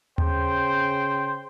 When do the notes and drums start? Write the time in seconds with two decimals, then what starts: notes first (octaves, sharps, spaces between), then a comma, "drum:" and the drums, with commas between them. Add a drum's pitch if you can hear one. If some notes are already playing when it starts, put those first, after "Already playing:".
0.18 C#3 C5 G5, drum: tom D#2